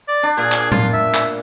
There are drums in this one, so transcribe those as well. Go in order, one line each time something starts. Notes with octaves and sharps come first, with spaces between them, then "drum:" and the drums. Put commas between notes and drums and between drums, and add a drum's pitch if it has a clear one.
D5
D4
A#2 G#4
drum: clap
F4, drum: tom
E5
drum: clap